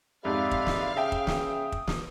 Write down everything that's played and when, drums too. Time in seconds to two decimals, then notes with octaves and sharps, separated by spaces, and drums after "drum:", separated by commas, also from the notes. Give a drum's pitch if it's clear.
0.25 F2 G#2 G4 D5 E5 F5 B5
0.51 drum: kick
0.66 drum: snare
0.97 C#3 E5 G5 D#6
1.12 drum: kick
1.27 drum: snare
1.72 drum: kick
1.87 drum: snare